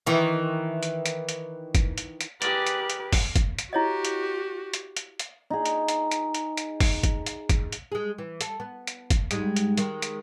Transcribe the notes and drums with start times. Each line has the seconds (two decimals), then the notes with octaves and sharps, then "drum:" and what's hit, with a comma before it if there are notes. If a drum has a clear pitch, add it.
0.07 D#3 E3
0.83 drum: hi-hat
1.06 drum: hi-hat
1.29 drum: hi-hat
1.75 drum: kick, hi-hat
1.98 drum: hi-hat
2.21 drum: hi-hat
2.42 G4 G#4 A#4 B4 D5, drum: hi-hat
2.67 drum: hi-hat
2.90 drum: hi-hat
3.13 drum: kick, open hi-hat
3.36 drum: kick, hi-hat
3.59 drum: hi-hat
3.73 E4 F#4 G4 C#5 D#5
4.05 drum: hi-hat
4.74 drum: hi-hat
4.97 drum: hi-hat
5.20 drum: hi-hat
5.50 D#4 G#4
5.65 drum: hi-hat
5.88 drum: hi-hat
6.11 drum: hi-hat
6.34 drum: hi-hat
6.57 drum: hi-hat
6.80 drum: kick, open hi-hat
7.03 drum: kick, hi-hat
7.26 drum: hi-hat
7.49 drum: kick, hi-hat
7.72 drum: hi-hat
7.92 G#3 G#4
8.18 E3
8.41 A4, drum: hi-hat
8.60 B3
8.87 drum: hi-hat
9.10 drum: kick, hi-hat
9.31 G#2 G3 G#3, drum: hi-hat
9.56 drum: hi-hat
9.78 D#3 G#3, drum: hi-hat
10.02 drum: hi-hat